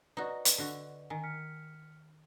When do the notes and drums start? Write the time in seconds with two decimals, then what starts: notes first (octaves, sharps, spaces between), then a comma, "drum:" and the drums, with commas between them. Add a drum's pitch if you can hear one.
0.17 D#4 F#4 B4 D5 D#5
0.45 drum: hi-hat
0.58 D3 F#4
1.10 D#3 G#5
1.24 F6 B6 C#7